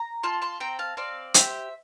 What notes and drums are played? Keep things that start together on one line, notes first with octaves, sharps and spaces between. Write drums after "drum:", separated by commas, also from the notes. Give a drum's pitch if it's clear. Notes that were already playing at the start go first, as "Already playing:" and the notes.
Already playing: A#5
F4 A5 C6
A5 C6
C4 G5 A#5
F5 A5
C4 D5 F5
G4 C5 E5, drum: hi-hat